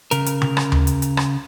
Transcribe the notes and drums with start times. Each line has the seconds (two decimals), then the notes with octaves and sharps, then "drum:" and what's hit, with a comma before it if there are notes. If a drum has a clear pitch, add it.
0.11 C#3 A#4, drum: hi-hat
0.26 drum: hi-hat
0.42 drum: tom C#3
0.57 drum: rim click
0.72 drum: tom D2
0.87 drum: hi-hat
1.02 drum: hi-hat
1.17 drum: rim click